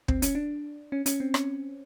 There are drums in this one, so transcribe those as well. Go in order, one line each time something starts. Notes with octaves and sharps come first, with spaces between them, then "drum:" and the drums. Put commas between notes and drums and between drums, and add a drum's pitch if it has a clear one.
C4, drum: kick
C#4, drum: hi-hat
D4
C#4
C#4, drum: hi-hat
C4
C#4, drum: rim click